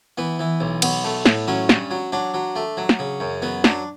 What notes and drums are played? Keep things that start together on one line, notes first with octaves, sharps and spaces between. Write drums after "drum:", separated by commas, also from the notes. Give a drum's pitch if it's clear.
E3 B3
E3
B1
B1 B3, drum: cymbal
A3
A2, drum: snare
F#3 C#4
G2, drum: snare
F#3
F#3 D4
F#3
A3
F#3
drum: snare
C#3
F#2
F#3 B3
F#3 D4, drum: snare